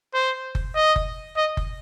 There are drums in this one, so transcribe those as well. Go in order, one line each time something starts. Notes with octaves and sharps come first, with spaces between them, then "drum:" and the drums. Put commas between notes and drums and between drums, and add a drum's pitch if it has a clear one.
C5
drum: kick F#1
D#5
drum: kick F#1
D#5
drum: kick F#1